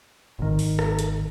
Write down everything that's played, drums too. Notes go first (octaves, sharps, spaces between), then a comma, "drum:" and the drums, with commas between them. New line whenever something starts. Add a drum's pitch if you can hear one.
G#1 D#3
drum: open hi-hat
drum: rim click
drum: hi-hat